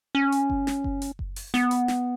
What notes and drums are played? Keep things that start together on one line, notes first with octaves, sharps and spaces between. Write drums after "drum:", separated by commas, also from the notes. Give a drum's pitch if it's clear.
C#4
drum: hi-hat
drum: kick F#1
drum: snare
drum: kick F#1
drum: hi-hat
drum: kick F#1
drum: open hi-hat
B3, drum: snare
drum: hi-hat
drum: snare